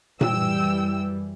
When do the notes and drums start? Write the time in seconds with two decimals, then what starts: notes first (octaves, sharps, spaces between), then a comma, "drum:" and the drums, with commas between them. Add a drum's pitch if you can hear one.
0.21 F#2 E3 G3 G5 E6, drum: tom A#2